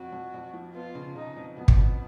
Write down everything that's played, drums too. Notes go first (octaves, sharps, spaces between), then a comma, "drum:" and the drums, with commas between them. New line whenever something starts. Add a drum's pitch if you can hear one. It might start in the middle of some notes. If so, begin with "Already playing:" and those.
Already playing: F2 F#4
F2
F2
F3
B3 F4
C#3
C#3 D#4
F2
F2 B3
drum: kick
F2